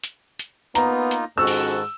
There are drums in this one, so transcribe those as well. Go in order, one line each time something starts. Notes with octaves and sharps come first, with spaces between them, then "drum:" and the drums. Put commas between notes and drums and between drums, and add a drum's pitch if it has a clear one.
drum: hi-hat
drum: hi-hat
A#3 B3 D#4 F4 A#5, drum: hi-hat
drum: hi-hat
F2 G#2 D#3 C#4 F#4 A5 E6
drum: open hi-hat